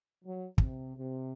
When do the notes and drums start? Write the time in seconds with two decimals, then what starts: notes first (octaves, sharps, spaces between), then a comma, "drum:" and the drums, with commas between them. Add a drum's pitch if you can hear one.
0.24 F#3
0.58 C3, drum: kick
0.97 C3